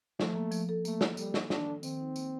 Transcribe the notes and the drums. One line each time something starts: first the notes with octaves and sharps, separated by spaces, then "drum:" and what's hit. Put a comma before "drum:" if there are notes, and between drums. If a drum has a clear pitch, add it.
F3 A3, drum: snare
A#3
F3, drum: tambourine
A4
A3 A#3, drum: tambourine
A#3, drum: snare
G3 A4, drum: tambourine
A#3, drum: snare
D#3 D4, drum: snare
A4
D#3 C4, drum: tambourine
D#4
A#3, drum: tambourine